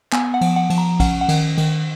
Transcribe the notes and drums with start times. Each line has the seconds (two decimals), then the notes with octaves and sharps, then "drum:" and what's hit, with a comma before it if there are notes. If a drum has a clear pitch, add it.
0.13 B3 G#5, drum: clap
0.34 F#5
0.41 F3, drum: cymbal
0.56 F#5
0.70 F3, drum: cymbal
0.78 A#5
1.00 C#4 F#5, drum: kick A#1, cymbal
1.21 F#5
1.29 D#3, drum: cymbal
1.58 D#3, drum: cymbal